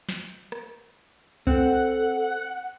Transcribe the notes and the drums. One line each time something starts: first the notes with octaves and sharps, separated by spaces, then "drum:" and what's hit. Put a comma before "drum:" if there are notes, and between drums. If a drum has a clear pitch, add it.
drum: snare
drum: rim click
C4 A4 F#5, drum: kick C2